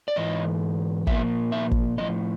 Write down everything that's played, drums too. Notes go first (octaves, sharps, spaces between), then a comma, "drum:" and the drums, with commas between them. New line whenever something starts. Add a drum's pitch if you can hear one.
D5
G#2 E3 D#5
A#2 F3 A#3 E5, drum: kick
E5
drum: kick
A2 F3 A#3 D#5